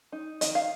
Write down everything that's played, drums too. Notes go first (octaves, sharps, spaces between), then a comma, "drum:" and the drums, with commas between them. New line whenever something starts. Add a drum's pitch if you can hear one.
D#4
D#3 D#5, drum: hi-hat
F5